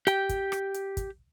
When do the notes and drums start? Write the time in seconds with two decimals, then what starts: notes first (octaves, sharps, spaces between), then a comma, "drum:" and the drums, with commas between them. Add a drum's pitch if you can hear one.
0.07 G4 G5, drum: hi-hat
0.29 drum: kick, hi-hat
0.52 drum: rim click
0.74 drum: hi-hat
0.97 drum: kick, hi-hat